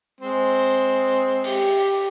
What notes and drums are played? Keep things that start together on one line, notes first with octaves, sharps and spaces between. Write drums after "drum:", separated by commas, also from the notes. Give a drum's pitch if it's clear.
G#3 C4
G4, drum: cymbal